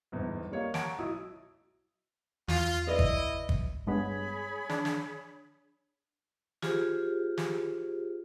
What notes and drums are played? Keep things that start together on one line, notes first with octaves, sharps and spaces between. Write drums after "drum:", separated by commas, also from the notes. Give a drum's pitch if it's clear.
G1 E2 G#2
G3 A#3 C#5 D#5 F5
F#5 A5 A#5 C#6 G#6 D7, drum: snare
B1 E4 D#6 E6
E2 F4, drum: snare
E4 B4 D5 D#5
drum: kick
drum: kick
G2 G#3 B3 G#4 C#5 B5
D4, drum: snare
drum: snare
F4 G4 G#4 C5, drum: snare
drum: snare